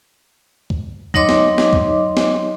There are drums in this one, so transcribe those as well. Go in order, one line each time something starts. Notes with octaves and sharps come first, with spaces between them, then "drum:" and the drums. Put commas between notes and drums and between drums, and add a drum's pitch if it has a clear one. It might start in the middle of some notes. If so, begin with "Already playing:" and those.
drum: kick
F#3 D#4 C#5 D#5 C6 D6, drum: kick
drum: snare
drum: snare
drum: kick
drum: snare